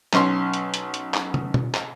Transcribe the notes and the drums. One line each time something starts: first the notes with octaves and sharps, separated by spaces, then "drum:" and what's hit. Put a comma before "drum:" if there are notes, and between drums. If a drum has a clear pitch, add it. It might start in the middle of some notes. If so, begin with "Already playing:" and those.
B1 C#4 C6, drum: clap
drum: hi-hat
drum: hi-hat
drum: hi-hat
drum: clap
drum: tom
drum: tom
drum: clap